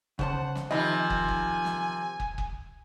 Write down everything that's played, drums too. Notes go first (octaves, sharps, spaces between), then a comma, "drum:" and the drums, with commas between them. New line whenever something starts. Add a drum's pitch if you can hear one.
C#3 C5 F#5 A5, drum: kick
drum: snare
C3 D#3 F3 D#5 G#5 B5
drum: kick
drum: kick
drum: snare
drum: kick
drum: kick